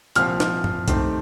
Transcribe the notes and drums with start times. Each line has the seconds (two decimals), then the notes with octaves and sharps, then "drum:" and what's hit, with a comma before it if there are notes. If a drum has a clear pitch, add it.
0.16 C2 A#2 F3 C4 F6, drum: hi-hat
0.40 drum: snare
0.64 drum: tom G2
0.88 D#3 A3 C4 G4, drum: kick C2, hi-hat